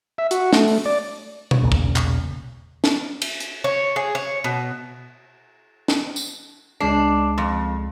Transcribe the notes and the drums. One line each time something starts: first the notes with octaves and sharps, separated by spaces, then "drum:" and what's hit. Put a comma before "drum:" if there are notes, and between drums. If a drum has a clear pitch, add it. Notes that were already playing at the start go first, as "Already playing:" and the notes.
E5
F#4, drum: hi-hat
A3, drum: snare
drum: open hi-hat
D5
drum: tom B2
E1 B1 A#2 C#3
drum: kick
drum: clap
drum: snare
drum: cymbal
drum: hi-hat
C#5
G#4
C#5
B2
drum: snare
drum: tambourine
C#2 G#3 D4 C7
F2